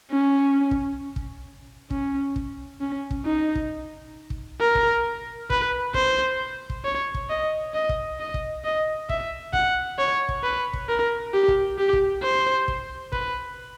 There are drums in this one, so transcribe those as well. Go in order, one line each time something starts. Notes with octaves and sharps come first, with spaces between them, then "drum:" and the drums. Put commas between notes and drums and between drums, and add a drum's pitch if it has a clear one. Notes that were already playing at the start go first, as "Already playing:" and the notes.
C#4
drum: kick
drum: kick
C#4, drum: kick
drum: kick
C#4
drum: kick
D#4
drum: kick
drum: kick
A#4
drum: kick
B4, drum: kick
C5, drum: kick
drum: kick
C#5
drum: kick
D#5
D#5
drum: kick
D#5
drum: kick
D#5
E5, drum: kick
F#5, drum: kick
C#5
drum: kick
B4
drum: kick
A#4
G4
drum: kick
G4
drum: kick
C5
drum: kick
B4, drum: kick